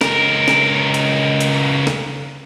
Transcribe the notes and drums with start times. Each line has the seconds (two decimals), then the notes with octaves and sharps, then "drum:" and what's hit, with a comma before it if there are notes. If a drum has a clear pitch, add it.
0.01 C#2 A#4, drum: snare
0.48 drum: snare
0.94 drum: hi-hat
1.41 drum: hi-hat
1.87 drum: snare